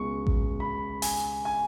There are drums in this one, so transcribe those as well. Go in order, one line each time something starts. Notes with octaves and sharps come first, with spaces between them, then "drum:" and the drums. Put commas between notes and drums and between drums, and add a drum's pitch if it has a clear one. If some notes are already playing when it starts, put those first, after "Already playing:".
Already playing: C#2 B2 G#3 C#6
drum: kick A1
B5
G#5, drum: open hi-hat
G#5